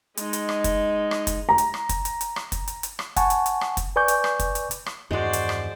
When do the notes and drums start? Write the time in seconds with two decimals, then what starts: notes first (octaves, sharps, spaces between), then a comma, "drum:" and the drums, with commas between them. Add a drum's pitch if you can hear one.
0.17 G#3 D#4, drum: hi-hat
0.33 drum: hi-hat
0.49 drum: rim click
0.64 drum: kick, hi-hat
1.11 drum: rim click
1.27 drum: kick, hi-hat
1.49 A#5
1.58 drum: hi-hat
1.74 drum: rim click
1.89 drum: kick, hi-hat
2.05 drum: hi-hat
2.21 drum: hi-hat
2.36 drum: rim click
2.52 drum: kick, hi-hat
2.68 drum: hi-hat
2.83 drum: hi-hat
2.99 drum: rim click
3.16 F#5 G#5 A5 C#6, drum: kick, hi-hat
3.30 drum: hi-hat
3.46 drum: hi-hat
3.61 drum: rim click
3.77 drum: kick, hi-hat
3.96 B4 D5 G#5 C#6 D6 G6
4.08 drum: hi-hat
4.24 drum: rim click
4.39 drum: kick, hi-hat
4.55 drum: hi-hat
4.71 drum: hi-hat
4.86 drum: rim click
5.11 E2 G2 D#3 G#3 F#4 C5 D5
5.33 drum: hi-hat
5.49 drum: rim click